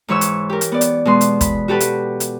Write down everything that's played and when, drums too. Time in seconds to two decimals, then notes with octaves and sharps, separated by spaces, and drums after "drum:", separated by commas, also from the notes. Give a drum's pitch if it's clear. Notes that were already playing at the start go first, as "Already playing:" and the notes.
0.08 G#2 E3 C#5 C#6 E6
0.21 drum: hi-hat
0.50 G4 A#4
0.61 drum: hi-hat
0.72 B3 D5
0.81 drum: hi-hat
1.05 B2 G#3 C6
1.21 drum: hi-hat
1.41 B5, drum: kick, hi-hat
1.68 F#4 G4 A4 B4
1.80 drum: hi-hat
2.20 drum: hi-hat